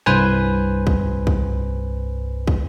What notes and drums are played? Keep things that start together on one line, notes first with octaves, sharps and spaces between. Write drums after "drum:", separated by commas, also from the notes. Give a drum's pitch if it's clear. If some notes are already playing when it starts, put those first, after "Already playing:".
C2 G2 B4 C5 G#5
drum: kick
drum: kick
drum: kick